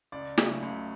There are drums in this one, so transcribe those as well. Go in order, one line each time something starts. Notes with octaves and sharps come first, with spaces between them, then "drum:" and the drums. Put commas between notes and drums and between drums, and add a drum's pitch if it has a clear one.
C#2 D5
C#3 F#3 A3, drum: snare
C#2